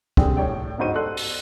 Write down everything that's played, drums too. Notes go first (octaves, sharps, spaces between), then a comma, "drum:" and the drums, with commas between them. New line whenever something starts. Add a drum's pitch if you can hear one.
D3 G3 C4 G4 G#4, drum: kick
A2 D4 C#5 D5 G5
G1 C#2 G#2 F#4 C5 D#7
A4 D5 C6 F#6
drum: open hi-hat